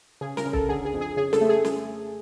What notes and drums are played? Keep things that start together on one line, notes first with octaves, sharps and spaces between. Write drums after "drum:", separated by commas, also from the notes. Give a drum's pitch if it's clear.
C#3 G#4
A#4, drum: snare
C#3
A4, drum: kick
D3 G#4
G#4
F2
G#4
C#3 G#4
A4, drum: snare
A3
G#4
drum: snare